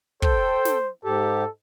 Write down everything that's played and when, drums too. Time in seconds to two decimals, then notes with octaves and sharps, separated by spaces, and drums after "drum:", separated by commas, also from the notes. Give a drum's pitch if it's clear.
0.22 A4 C5 G5, drum: kick
0.65 drum: snare
1.05 G#2 G4 A4